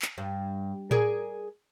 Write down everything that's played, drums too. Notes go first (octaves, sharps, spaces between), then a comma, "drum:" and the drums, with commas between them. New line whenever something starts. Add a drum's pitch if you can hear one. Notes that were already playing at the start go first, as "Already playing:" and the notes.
drum: clap
G2
G#4 A#4 D5, drum: tom A2